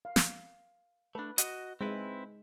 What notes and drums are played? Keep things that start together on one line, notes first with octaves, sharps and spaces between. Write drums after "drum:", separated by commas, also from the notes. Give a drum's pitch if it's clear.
F5
drum: snare
A3 D4 B4
F#4 D#5, drum: hi-hat
G#3 C4 E4 B4